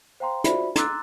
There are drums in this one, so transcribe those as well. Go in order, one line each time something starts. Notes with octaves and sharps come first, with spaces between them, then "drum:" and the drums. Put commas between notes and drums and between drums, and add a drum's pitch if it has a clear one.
C5 F5 G5 A#5 C6
F4 F#4 C5 D5 E5 B5, drum: hi-hat
A#5 C6 D6 E6 F#6 A6, drum: hi-hat